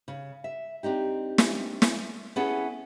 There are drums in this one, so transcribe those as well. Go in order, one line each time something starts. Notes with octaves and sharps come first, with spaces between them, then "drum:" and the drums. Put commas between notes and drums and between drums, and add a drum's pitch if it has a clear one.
C#3
E5
C4 D4 D#4 G4
drum: snare
drum: snare
B3 C#4 E4 G#4 A4